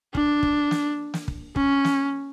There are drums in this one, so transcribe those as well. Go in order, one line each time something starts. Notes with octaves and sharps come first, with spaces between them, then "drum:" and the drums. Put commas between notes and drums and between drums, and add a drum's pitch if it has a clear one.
D4, drum: kick
drum: kick
drum: snare
drum: snare
drum: kick
C#4, drum: kick
drum: snare